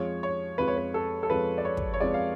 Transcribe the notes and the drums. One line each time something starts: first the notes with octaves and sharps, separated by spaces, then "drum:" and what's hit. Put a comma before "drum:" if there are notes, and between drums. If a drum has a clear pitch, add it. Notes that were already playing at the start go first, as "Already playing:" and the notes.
Already playing: F2 F3 G#3 C#5
C#5
F2 F3 G#3 B4
C#5
B4
A4
A4
F2 F3 G#3 B4
D5
C#5
drum: kick
C#5
F2 F3 G#3 D5
F5